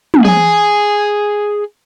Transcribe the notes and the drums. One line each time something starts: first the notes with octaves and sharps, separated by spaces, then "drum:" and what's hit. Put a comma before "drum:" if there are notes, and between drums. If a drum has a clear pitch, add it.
drum: tom
G#4 G#5